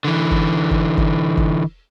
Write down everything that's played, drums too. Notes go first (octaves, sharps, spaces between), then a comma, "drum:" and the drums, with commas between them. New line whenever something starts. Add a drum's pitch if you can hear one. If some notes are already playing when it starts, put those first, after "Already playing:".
D3 E3
drum: kick
drum: kick
drum: kick
drum: kick